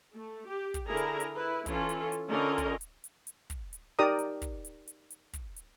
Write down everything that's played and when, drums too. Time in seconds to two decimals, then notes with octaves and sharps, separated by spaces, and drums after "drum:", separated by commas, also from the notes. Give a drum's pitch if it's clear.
0.14 A3
0.49 G4
0.74 drum: kick, hi-hat
0.86 D3 E4 G#4 A#4 A#5
0.97 drum: hi-hat
1.20 drum: hi-hat
1.34 E4 B4
1.66 E3 C#4 F4 A4, drum: kick, hi-hat
1.89 drum: hi-hat
2.12 drum: hi-hat
2.28 D3 C#4 F4 A#4 D#5 A#5
2.58 drum: kick, hi-hat
2.81 drum: hi-hat
3.04 drum: hi-hat
3.27 drum: hi-hat
3.50 drum: kick, hi-hat
3.73 drum: hi-hat
3.99 D#4 G4 A#4 D5 A#5 D#6
4.19 drum: hi-hat
4.42 drum: kick, hi-hat
4.65 drum: hi-hat
4.87 drum: hi-hat
5.10 drum: hi-hat
5.33 drum: kick, hi-hat
5.56 drum: hi-hat